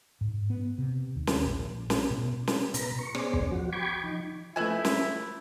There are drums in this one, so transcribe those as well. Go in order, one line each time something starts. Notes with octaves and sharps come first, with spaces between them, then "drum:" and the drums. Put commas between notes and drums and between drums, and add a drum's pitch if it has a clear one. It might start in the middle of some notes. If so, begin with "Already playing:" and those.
G#2
B3
C3
D#2
drum: snare
A#1
drum: snare
B2
drum: snare
B2 B4 A#5, drum: hi-hat
C#6
B3 C#4 G#4 C5 D5, drum: rim click
drum: kick
F3 F#4
G5 B5 C#6 D6 G#6
F3 D#4
F3 A3 E4 B4 E5 G#5
drum: snare